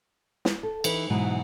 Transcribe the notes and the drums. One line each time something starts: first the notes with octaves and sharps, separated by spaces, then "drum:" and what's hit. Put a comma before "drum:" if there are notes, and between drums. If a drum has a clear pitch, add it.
drum: snare
A4
E3 D#4 B4, drum: cymbal
G#2 B2 E3 F#3